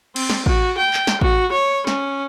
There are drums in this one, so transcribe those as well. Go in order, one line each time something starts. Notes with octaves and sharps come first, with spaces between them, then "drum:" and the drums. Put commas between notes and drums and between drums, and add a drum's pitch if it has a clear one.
C4, drum: cymbal
drum: snare
F#4, drum: kick A1
G5
drum: clap
drum: snare
F#4, drum: kick A1
C#5
C#4, drum: snare